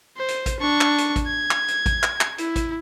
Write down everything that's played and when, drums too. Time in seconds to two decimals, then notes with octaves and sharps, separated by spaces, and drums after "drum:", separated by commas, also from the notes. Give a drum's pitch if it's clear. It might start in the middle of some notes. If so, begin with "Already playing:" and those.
0.17 C5
0.28 drum: hi-hat
0.46 drum: kick A1, hi-hat
0.60 D4 C#6
0.81 drum: clap
0.98 drum: hi-hat
1.16 drum: kick A1, hi-hat
1.26 G#6
1.51 drum: clap
1.68 drum: hi-hat
1.86 drum: kick A1, hi-hat
2.03 drum: clap
2.21 drum: clap
2.38 E4, drum: hi-hat
2.56 drum: kick A1, hi-hat